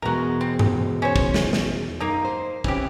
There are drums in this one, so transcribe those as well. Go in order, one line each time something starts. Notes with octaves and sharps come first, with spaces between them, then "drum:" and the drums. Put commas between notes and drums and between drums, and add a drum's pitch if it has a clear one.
E2 B2 G#3 F#4 A#4
C4
drum: tom G2
C#4 C5 C#5
drum: kick
drum: snare
drum: snare
F#2 A#3 D#4
C5
E3 C4 C#4 G4, drum: kick